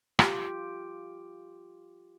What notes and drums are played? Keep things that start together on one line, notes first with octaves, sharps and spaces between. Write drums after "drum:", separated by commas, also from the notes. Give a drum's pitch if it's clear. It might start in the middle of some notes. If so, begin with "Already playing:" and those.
F4 G4, drum: rim click